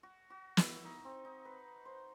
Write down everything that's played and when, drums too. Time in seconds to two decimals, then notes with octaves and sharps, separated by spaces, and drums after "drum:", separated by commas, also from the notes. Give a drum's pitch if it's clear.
0.03 F#4
0.30 F#4
0.57 E4, drum: snare
0.84 D#4
1.05 C4
1.25 D#4
1.45 B4
1.85 C5